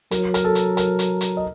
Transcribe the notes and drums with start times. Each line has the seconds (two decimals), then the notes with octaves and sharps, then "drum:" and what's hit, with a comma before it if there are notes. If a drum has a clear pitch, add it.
0.11 F#3 A#4, drum: hi-hat
0.34 A#4, drum: hi-hat
0.44 A4
0.55 drum: hi-hat
0.77 A#4, drum: hi-hat
0.99 drum: hi-hat
1.21 drum: hi-hat
1.37 D#5